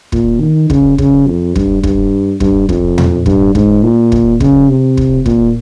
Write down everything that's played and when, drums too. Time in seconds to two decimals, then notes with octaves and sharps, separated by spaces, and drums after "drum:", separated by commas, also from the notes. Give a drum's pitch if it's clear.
0.12 A#2, drum: kick
0.41 D#3
0.70 C#3, drum: kick
0.98 C#3, drum: kick
1.27 F2
1.56 G2, drum: kick
1.83 G2, drum: kick
2.40 G2, drum: kick
2.69 F2, drum: kick
2.98 drum: tom
3.26 G2, drum: kick
3.55 G#2, drum: kick
3.83 A#2
4.12 drum: kick
4.40 C#3, drum: kick
4.69 C3
4.97 drum: kick
5.26 A#2, drum: kick